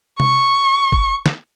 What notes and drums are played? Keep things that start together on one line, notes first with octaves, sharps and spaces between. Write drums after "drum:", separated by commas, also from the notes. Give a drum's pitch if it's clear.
C#6, drum: tom C3
drum: kick
drum: snare